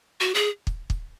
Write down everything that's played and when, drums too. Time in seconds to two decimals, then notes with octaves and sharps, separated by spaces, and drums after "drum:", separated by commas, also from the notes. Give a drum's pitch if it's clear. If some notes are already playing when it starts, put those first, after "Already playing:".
0.20 F#4
0.35 G#4
0.67 drum: kick
0.90 drum: kick